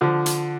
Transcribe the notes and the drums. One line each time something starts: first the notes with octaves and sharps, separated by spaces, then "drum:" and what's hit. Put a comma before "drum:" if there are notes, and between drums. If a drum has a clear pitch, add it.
D3 F3
drum: hi-hat